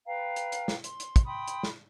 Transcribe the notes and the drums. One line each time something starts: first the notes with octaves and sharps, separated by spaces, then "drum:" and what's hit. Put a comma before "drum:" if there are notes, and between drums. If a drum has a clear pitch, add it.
B4 F5 G5 A#5
drum: hi-hat
drum: hi-hat
drum: snare
C6, drum: hi-hat
drum: hi-hat
drum: kick, hi-hat
G5 B5 C6 D#6
drum: hi-hat
drum: snare